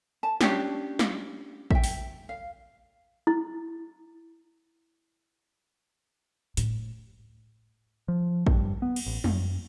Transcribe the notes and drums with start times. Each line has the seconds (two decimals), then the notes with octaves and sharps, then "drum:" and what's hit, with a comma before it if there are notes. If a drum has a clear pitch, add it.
0.23 A5
0.41 C#4 D4 G4 C#5, drum: snare
0.99 drum: snare
1.71 E5 G5, drum: kick A1
1.84 drum: open hi-hat
2.29 F5
3.27 E4
6.57 A2, drum: hi-hat
8.08 F3
8.47 G2, drum: kick A1
8.82 B3
8.96 drum: cymbal
9.06 A1
9.24 F#2, drum: tom